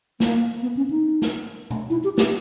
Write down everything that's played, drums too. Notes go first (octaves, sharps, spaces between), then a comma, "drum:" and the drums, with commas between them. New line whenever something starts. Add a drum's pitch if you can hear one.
A#3, drum: snare
B3
C#4
D#4
drum: snare
drum: tom B2
E4
G4
G4, drum: snare